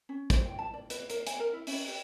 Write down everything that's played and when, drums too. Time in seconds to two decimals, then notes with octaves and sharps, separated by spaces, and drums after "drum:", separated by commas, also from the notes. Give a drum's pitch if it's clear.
0.09 C#4
0.30 C5, drum: kick, hi-hat
0.45 G5
0.59 A5
0.74 D5
0.90 B4, drum: hi-hat
1.10 A#4, drum: hi-hat
1.27 G#5, drum: hi-hat
1.40 A#4
1.53 E4
1.67 C#4, drum: open hi-hat
1.88 G4